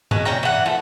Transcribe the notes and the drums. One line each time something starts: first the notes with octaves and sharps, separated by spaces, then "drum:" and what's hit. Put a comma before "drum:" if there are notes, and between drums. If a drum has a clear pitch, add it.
B2 G#3 F#4, drum: tom G2
A#2 C#4 G5 A#5
E3 F#5
F3 A3